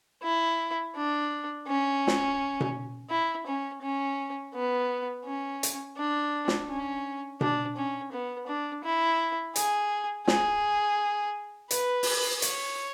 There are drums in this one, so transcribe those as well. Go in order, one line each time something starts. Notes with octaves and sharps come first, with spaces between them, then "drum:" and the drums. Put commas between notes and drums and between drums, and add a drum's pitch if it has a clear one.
E4
D4
C#4
drum: snare
drum: tom B2
E4
C#4
C#4
B3
C#4
drum: hi-hat
D4
drum: snare
C#4
D4, drum: tom B2
C#4
B3
D4
E4
G#4, drum: hi-hat
G#4, drum: snare
B4, drum: hi-hat
drum: open hi-hat
C#5, drum: hi-hat